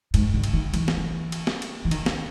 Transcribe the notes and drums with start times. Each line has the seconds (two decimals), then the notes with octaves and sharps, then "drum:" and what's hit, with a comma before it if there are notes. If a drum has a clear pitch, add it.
0.14 G#2, drum: cymbal
0.34 D3
0.44 drum: cymbal
0.53 D#3
0.74 E3, drum: cymbal
0.88 drum: snare
0.97 E3
1.32 drum: cymbal
1.47 drum: snare
1.62 drum: cymbal
1.85 E3
1.91 D#3, drum: cymbal
2.06 drum: snare